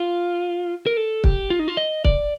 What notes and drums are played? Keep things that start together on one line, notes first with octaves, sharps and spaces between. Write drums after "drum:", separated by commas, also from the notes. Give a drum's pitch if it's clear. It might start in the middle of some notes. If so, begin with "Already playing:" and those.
Already playing: F4
A#4
A4
G4, drum: kick
F4
D#4
F4
D#5
D5, drum: kick